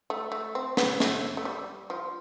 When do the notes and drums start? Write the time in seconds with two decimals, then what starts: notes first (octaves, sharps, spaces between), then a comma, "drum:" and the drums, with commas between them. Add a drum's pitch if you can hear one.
0.10 A3
0.32 A3
0.55 C4
0.77 B3, drum: snare
1.00 A3, drum: snare
1.37 A3
1.45 G3
1.90 F3